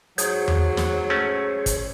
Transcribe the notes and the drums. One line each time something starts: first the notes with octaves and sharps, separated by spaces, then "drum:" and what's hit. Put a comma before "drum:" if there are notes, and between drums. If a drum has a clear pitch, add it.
G#2 F#3 G#4 C5 C#5, drum: hi-hat
drum: tom E2
drum: snare
A3 C#4
drum: kick, hi-hat